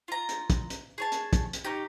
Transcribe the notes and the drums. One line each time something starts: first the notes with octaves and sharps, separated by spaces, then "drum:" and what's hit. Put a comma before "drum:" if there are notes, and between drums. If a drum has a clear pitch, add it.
F4 A#5
drum: hi-hat
drum: kick, hi-hat
drum: hi-hat
G#4 C#5 A5
drum: hi-hat
drum: kick, hi-hat
drum: hi-hat
C#4 D#4 G4